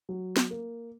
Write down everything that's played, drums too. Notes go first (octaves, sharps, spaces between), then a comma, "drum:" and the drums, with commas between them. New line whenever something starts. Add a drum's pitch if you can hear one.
F#3
drum: snare
A#3